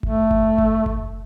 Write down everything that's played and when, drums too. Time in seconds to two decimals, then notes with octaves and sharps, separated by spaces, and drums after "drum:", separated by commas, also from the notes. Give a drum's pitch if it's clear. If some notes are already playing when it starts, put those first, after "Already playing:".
0.03 A3, drum: kick F#1
0.31 drum: kick F#1
0.58 drum: kick F#1
0.86 drum: kick F#1